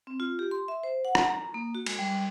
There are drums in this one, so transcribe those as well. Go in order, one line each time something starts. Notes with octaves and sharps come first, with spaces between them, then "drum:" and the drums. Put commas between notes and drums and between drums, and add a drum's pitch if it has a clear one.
C4
F4
G4
C6
E5
C5
F#5
drum: rim click
A#5
A#3
F#4
G#3, drum: cymbal
G3